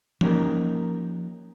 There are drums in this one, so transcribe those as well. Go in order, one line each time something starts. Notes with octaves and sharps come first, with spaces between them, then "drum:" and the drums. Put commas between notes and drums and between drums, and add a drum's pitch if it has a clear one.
F3 A#3 C#4 D#4 G4 A#4, drum: tom E3